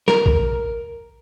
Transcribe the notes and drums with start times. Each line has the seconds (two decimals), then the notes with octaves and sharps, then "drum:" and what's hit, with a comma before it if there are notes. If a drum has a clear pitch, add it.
0.08 A#4, drum: snare
0.26 drum: kick